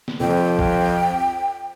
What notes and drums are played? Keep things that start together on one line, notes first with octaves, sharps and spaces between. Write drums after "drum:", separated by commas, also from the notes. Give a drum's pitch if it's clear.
drum: snare
F2 G5, drum: tom C3
drum: kick